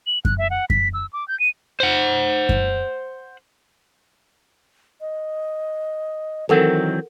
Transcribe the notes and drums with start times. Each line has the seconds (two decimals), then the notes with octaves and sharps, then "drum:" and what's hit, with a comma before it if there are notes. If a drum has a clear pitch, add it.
0.07 F#7
0.25 F#6, drum: kick F#2
0.38 E5
0.50 F#5
0.70 B6, drum: kick F#2
0.94 E6
1.13 D6
1.28 G6
1.40 D#7
1.80 C5 F#5
2.49 drum: kick F#2
5.01 D#5
6.49 D#3 E3 F#3 C4 A4 A#4 F#5